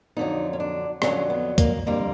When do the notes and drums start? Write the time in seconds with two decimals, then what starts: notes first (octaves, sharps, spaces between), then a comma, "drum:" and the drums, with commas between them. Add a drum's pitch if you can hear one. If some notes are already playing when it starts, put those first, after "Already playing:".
0.17 F2 D3 F#3 D#4
0.53 C#4
0.60 D4
1.02 F2 D3 F#3 C#4, drum: rim click
1.30 B3
1.58 A#3, drum: kick C#2, hi-hat
1.87 F2 D3 G3 A#3